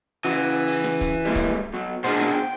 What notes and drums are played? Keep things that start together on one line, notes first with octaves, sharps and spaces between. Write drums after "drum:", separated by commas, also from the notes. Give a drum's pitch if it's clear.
C#3 E3 F#4
drum: open hi-hat
drum: snare
drum: kick C#1, hi-hat
G3 G#3 A#3
drum: kick C#1, hi-hat
B1 B2 F#3
B2 D4 G#4 A#4 C5, drum: hi-hat
drum: snare
G5